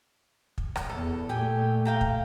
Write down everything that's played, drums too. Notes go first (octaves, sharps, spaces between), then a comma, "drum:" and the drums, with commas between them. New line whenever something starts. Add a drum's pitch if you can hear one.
drum: kick
drum: rim click
E2 A4
A#2 A3 G4 G5 G#5
F5 G5 A#5
drum: kick